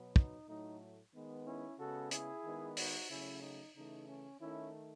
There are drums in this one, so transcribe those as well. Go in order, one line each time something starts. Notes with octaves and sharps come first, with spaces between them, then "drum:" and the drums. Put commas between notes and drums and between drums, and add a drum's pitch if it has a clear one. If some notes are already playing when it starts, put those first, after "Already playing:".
Already playing: B2 F#3 B3
D#4, drum: kick
A2 F#3 A3 D#4
D#3 G#3 B3
C#4 E4
C#3 G#3 B3 F#4 A4
E4 G#4, drum: hi-hat
D#3 G#3 B3
D#4 F#4, drum: open hi-hat
C#3 F#3 A3 C#4 E4
D#4
C#3 E3 A3 D#4
C#4
D#3 A3 C#4 E4